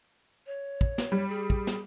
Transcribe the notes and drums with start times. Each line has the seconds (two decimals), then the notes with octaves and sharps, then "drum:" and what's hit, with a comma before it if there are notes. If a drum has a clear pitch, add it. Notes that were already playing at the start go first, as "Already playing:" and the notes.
0.46 C#5
0.81 drum: kick
0.98 drum: snare
1.12 G3
1.29 G#4
1.50 drum: kick
1.67 drum: snare